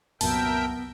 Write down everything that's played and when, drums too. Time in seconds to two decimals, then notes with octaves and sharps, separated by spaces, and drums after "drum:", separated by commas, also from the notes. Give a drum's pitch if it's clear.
0.21 C2 F#2 A#2 B3 A#4 E5 G5 A5, drum: open hi-hat